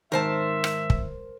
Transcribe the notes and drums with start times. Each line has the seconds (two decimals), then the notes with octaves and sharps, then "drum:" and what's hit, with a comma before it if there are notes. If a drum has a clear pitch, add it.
0.12 G#2 D#3 A#4 C5 E5 A5
0.64 drum: rim click
0.90 drum: kick